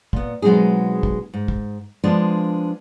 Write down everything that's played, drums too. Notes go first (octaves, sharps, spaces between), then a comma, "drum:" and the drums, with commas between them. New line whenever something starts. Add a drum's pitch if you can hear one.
A#2 B3, drum: kick
B2 F#3 G#3 C4 D#4 G#4
drum: kick
G#2
drum: kick
F3 G#3 B3 D4 F4